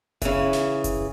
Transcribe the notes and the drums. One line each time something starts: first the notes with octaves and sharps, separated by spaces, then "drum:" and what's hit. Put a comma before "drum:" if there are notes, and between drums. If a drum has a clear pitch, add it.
C#3 E3, drum: kick F#1, hi-hat
drum: snare
drum: kick F#1, hi-hat